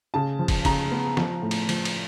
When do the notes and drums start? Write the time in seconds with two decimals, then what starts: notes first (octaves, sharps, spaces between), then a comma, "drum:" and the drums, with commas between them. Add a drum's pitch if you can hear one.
0.14 C#3 A5
0.39 F3
0.48 drum: kick, cymbal
0.65 C#3 A#5, drum: kick, cymbal
0.91 B3
1.17 F3, drum: snare
1.42 A2
1.51 drum: cymbal
1.69 F3, drum: cymbal
1.85 drum: cymbal